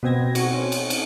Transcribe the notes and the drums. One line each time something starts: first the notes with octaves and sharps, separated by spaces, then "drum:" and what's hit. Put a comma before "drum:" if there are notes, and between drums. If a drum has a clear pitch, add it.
B2 B3 C4 G#6 A#6
F#4 C#6, drum: cymbal
C4 C#4
drum: cymbal
drum: cymbal